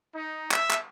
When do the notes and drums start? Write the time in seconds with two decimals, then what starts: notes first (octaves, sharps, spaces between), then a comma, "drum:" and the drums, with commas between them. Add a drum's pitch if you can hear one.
0.13 D#4
0.51 E5, drum: clap
0.71 drum: clap